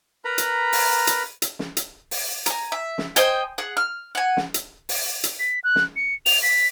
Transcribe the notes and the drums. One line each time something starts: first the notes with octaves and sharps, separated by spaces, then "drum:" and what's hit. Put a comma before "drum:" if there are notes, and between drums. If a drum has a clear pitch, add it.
A#4 B4 A#5 B5
drum: hi-hat
drum: open hi-hat
drum: hi-hat
drum: hi-hat
drum: snare
drum: hi-hat
drum: open hi-hat
G#5 A#5, drum: hi-hat
E5
drum: snare
C5 D#5 G5 G#5, drum: hi-hat
G#4 F#5
F6
F#5 G#5
drum: snare
drum: hi-hat
drum: open hi-hat
drum: hi-hat
B6
F#6
drum: snare
C#7
F7, drum: open hi-hat
B6